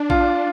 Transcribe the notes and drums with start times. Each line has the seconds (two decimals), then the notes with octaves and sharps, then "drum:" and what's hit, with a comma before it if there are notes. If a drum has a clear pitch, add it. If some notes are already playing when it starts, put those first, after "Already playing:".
Already playing: D4
0.10 F4, drum: kick A#1